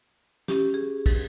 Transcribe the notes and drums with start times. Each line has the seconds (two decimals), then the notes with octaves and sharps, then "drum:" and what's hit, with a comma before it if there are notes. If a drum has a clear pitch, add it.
0.48 C#4 G4, drum: snare
0.74 G#4
1.06 drum: kick, cymbal